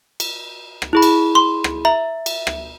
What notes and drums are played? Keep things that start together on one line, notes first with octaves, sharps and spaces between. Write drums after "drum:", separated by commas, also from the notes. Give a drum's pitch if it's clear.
drum: cymbal
drum: rim click
E4 G#4 B5
drum: cymbal
C6
drum: rim click
E5 A#5
drum: cymbal
drum: rim click